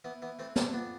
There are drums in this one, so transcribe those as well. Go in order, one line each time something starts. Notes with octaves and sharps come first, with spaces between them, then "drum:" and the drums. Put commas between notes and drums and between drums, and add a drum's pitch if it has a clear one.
E3 B3
E3 B3
E3 A3 C4
E3 B3 D4, drum: snare
F2 B3 D4